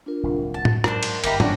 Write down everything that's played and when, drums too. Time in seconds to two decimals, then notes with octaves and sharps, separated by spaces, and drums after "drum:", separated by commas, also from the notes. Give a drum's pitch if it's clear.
0.06 D4 F4 A#4
0.23 D1 C2
0.54 F#5 A5
0.65 drum: tom A2
0.84 G#2 F#3 D4 A#4 C5, drum: rim click
1.03 drum: cymbal
1.24 G1 F#2 A#3 D#4 G4 E5 A#5 B5, drum: cymbal
1.40 C#4 D4 F#4 G5, drum: tom